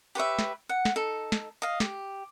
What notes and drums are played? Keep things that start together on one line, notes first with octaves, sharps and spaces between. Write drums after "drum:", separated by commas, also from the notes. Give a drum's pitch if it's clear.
G4 B4 C#5 E5
drum: snare
F#5
drum: snare
D#4 A4
drum: snare
D#5 F5
G4, drum: snare